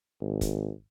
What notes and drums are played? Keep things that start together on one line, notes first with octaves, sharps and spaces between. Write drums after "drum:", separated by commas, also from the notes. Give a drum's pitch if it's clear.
G#1
drum: kick, hi-hat